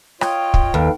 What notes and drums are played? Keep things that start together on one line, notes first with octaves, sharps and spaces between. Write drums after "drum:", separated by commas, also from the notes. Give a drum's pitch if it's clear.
F4 C#5 D#5 G5, drum: rim click
drum: kick
D#2 A4 B4 F5